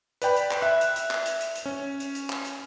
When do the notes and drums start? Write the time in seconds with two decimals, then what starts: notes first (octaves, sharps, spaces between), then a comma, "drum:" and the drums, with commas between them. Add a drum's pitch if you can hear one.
0.22 B4 D5 G5 B5, drum: hi-hat
0.36 drum: hi-hat
0.51 drum: clap
0.62 E5 F#6
0.81 drum: hi-hat
0.96 drum: hi-hat
1.11 drum: clap
1.26 drum: hi-hat
1.41 drum: hi-hat
1.56 drum: hi-hat
1.66 C#4
2.00 drum: hi-hat
2.15 drum: hi-hat
2.30 drum: clap
2.45 drum: hi-hat